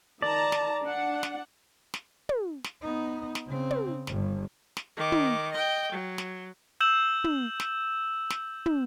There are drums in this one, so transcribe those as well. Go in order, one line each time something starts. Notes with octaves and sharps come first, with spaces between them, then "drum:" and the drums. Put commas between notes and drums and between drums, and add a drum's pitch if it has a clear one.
D#3 D5 A5 A#5
drum: snare
D4 F#5
drum: snare
drum: snare
drum: tom
drum: snare
B3 D#4
drum: snare
C#3 C4
drum: tom
G1 G2, drum: snare
drum: snare
D#3 D6
drum: tom
D#5 G5
F#3
drum: snare
E6 G6 E7 F#7
drum: tom
drum: snare
drum: snare
drum: tom